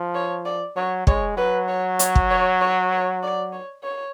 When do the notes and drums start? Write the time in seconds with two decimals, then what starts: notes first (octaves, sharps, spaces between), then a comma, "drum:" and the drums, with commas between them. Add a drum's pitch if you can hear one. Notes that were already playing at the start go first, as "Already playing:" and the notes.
Already playing: F3
0.15 C#5
0.45 D5
0.76 F#3 C#5
1.07 G#3 C#5, drum: kick
1.37 F#3 B4
1.68 C#5
1.99 C#5, drum: hi-hat
2.15 drum: kick
2.31 C#5
2.61 C#5
2.92 C#5
3.23 D5
3.53 C#5
3.83 C#5